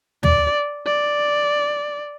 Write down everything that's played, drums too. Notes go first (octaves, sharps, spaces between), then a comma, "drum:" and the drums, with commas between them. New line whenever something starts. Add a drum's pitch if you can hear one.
D5, drum: tom
D5